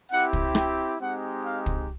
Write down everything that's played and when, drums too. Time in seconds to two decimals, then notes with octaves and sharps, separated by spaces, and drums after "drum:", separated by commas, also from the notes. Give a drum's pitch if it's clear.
0.11 C4 E4 G4 F#5
0.33 drum: kick
0.55 G5, drum: rim click
0.99 G#3 C4 D#4 G4 F#5
1.44 F5
1.66 drum: kick